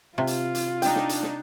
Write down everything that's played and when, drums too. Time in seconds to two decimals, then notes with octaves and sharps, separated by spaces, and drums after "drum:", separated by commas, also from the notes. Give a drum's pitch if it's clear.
0.18 C3 F4
0.27 drum: hi-hat
0.55 drum: hi-hat
0.82 D4 D#4 G5, drum: hi-hat
0.96 drum: snare
1.09 drum: hi-hat
1.23 drum: snare